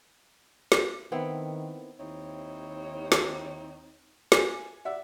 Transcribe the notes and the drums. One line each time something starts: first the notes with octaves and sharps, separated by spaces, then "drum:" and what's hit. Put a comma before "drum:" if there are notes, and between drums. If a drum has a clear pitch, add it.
drum: snare
D#3 B3 C4 E4
D#2 C4 D#4 E4 C#5
drum: snare
G#5, drum: snare
D5 E5 F#5